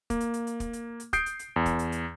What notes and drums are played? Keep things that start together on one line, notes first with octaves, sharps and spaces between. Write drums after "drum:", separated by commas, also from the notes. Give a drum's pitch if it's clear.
A#3, drum: kick, hi-hat
drum: hi-hat
drum: hi-hat
drum: hi-hat
drum: kick, hi-hat
drum: hi-hat
drum: hi-hat
D#6 G6 C7 D7, drum: kick, hi-hat
drum: hi-hat
drum: hi-hat
E2
drum: kick, hi-hat
drum: hi-hat
drum: hi-hat